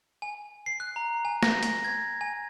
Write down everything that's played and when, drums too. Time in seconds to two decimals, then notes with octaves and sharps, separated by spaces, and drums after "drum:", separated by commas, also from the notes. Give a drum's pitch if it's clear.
0.22 G#5
0.66 C7
0.80 F#6
0.96 A#5
1.25 G#5
1.43 A#6, drum: snare
1.63 drum: hi-hat
1.84 G#6
2.21 G#5